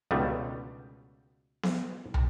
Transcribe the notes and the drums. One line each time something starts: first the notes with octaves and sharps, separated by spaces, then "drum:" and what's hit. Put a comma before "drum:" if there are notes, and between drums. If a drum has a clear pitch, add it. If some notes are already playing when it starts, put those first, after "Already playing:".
C#2 B2 D3 D#3 G3 A3
drum: snare B3
drum: tom